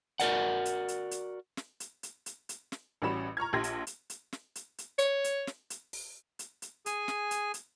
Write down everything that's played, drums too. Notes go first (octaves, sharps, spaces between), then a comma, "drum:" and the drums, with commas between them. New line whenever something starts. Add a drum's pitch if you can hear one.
F#4 A#4 D5 F#5, drum: hi-hat
drum: hi-hat
drum: hi-hat
drum: hi-hat
drum: snare
drum: hi-hat
drum: hi-hat
drum: hi-hat
drum: hi-hat
drum: snare
A1 G3 C#4 F#4 B5 E7
A#5 C#6 F6 G#6
A#1 G4 C6 G#6 A#6
drum: hi-hat
drum: hi-hat
drum: hi-hat
drum: snare
drum: hi-hat
drum: hi-hat
C#5, drum: hi-hat
drum: hi-hat
drum: snare
drum: hi-hat
drum: open hi-hat
drum: hi-hat
drum: hi-hat
G#4 G#5, drum: hi-hat
drum: snare
drum: hi-hat
drum: hi-hat